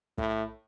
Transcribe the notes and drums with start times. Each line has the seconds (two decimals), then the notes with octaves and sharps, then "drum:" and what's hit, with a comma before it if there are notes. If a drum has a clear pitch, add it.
0.18 A2, drum: kick